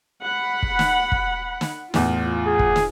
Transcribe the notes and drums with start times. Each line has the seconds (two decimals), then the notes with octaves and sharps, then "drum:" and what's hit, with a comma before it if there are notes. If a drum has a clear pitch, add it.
0.24 F#5 B5
0.63 drum: kick
0.79 drum: snare
1.12 drum: kick
1.61 drum: snare
1.94 E2 A2 F4, drum: snare
2.46 G#4
2.59 drum: kick
2.76 drum: snare